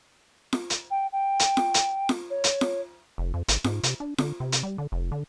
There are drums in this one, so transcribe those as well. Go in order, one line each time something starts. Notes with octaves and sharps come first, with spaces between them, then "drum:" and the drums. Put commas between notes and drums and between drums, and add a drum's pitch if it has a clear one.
drum: snare F4
drum: hi-hat
G5
G5
drum: hi-hat
drum: snare F4
drum: hi-hat
drum: snare F4
C#5
drum: hi-hat
drum: snare F4
F1
F2
G#1, drum: hi-hat
G#2, drum: snare F4
C3, drum: hi-hat
D4
D3, drum: snare F4
C3
drum: hi-hat
G3
D3
F1
D3